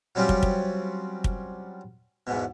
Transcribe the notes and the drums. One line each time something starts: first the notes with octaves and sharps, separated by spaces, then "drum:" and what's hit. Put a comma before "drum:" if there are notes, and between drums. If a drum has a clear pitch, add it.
F#3 G3 C4 C#4 F4 G4
drum: kick
drum: kick
drum: kick
E2 G#2 B2